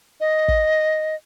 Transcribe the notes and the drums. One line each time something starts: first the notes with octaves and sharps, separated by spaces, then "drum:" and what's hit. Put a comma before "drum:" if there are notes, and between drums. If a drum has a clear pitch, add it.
D#5
drum: kick